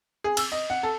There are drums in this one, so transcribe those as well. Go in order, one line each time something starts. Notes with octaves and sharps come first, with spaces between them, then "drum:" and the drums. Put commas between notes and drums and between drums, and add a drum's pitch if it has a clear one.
G#4
E6, drum: cymbal
D#5
F#5
A4